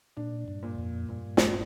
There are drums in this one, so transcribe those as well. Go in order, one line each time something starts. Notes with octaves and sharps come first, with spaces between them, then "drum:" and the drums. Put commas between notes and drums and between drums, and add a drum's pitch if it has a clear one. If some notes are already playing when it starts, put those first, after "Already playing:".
A#2 D4
G2
A#2
F2
G2 A#2
drum: snare